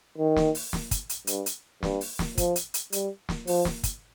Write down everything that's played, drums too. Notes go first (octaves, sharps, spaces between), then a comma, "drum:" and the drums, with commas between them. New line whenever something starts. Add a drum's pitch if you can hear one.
D#3
drum: snare
drum: open hi-hat
drum: snare
drum: kick, hi-hat
drum: hi-hat
G2, drum: hi-hat
drum: hi-hat
G2, drum: snare
drum: open hi-hat
drum: snare
F3, drum: kick, hi-hat
drum: hi-hat
drum: hi-hat
G3, drum: hi-hat
drum: snare
F3, drum: open hi-hat
drum: snare
drum: kick, hi-hat